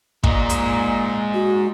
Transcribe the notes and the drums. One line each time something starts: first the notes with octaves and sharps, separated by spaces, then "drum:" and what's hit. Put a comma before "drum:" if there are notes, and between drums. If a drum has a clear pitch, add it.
A#2 G#3 D#4, drum: kick
drum: hi-hat
F#4